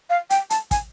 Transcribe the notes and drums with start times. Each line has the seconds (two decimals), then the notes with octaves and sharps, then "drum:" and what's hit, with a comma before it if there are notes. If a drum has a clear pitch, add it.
0.10 F5
0.30 G5, drum: hi-hat
0.50 A5, drum: hi-hat
0.71 G#5, drum: kick, hi-hat